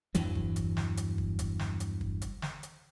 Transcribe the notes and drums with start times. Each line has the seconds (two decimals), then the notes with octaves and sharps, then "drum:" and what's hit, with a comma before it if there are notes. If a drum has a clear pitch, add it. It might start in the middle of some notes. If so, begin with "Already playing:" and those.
0.15 E2 G2 E3 F#3, drum: hi-hat
0.35 drum: kick
0.56 drum: kick, hi-hat
0.77 drum: snare
0.97 drum: hi-hat
1.18 drum: kick
1.39 drum: kick, hi-hat
1.59 drum: snare
1.80 drum: hi-hat
2.01 drum: kick
2.22 drum: kick, hi-hat
2.42 drum: snare
2.63 drum: hi-hat